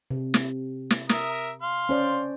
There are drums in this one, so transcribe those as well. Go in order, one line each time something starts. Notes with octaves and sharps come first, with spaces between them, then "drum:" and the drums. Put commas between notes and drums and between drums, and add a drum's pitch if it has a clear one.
C3
drum: snare
drum: snare
A#4 E5 D#6, drum: snare
F5 C6
C#4 C5 D5